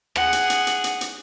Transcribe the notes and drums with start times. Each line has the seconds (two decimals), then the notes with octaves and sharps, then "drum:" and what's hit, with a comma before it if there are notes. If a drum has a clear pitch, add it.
0.16 G#4 F#5, drum: rim click
0.33 drum: hi-hat
0.50 drum: hi-hat
0.67 drum: hi-hat
0.84 drum: hi-hat
1.01 drum: hi-hat